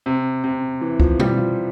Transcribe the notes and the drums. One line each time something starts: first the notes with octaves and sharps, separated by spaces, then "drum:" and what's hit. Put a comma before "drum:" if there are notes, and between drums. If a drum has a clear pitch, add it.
C3
C3
E3
F3, drum: kick
G3, drum: tom B2
F3